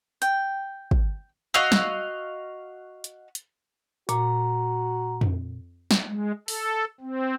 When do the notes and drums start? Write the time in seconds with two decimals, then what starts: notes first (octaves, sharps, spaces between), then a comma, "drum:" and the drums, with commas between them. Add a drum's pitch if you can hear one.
0.22 G5, drum: hi-hat
0.91 drum: kick
1.54 F#4 D#5 F5 E6
1.72 drum: snare
3.04 drum: hi-hat
3.35 drum: hi-hat
4.09 A#2 F#4 A#5, drum: hi-hat
5.21 drum: tom F2
5.91 drum: snare
6.06 G#3
6.48 A4, drum: open hi-hat
7.01 C4